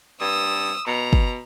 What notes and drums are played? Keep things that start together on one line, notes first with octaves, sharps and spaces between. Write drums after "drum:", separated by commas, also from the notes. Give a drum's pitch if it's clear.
G2 D#6 E6
B2 A#5
drum: kick